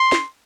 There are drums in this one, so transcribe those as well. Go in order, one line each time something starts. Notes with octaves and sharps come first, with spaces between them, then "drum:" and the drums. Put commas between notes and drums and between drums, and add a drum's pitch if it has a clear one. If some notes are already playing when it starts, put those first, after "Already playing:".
Already playing: C6
drum: snare